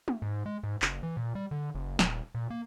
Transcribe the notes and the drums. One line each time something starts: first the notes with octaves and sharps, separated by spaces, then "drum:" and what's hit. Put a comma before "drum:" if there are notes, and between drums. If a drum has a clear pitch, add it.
drum: tom
G#2
G#3
G#2
F#1, drum: clap
E3
A#2
G3
D3
F#1
D#1, drum: snare
A#2
A#3